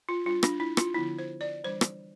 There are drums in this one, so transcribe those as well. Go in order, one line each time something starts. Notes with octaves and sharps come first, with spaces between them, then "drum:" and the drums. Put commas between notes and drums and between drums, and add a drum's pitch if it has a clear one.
F4
G3 D4 F4
D4, drum: rim click
E4
F4, drum: rim click
D3 F3 B3 E4
C5
D5
E3 G3 D4 C5
drum: rim click